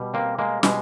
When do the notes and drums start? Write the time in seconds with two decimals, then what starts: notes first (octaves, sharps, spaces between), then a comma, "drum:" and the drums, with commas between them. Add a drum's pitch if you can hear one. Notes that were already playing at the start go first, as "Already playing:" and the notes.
Already playing: B2 G3
0.14 A#3 C4
0.39 G#3 A#3
0.63 B2 G3 G#3, drum: snare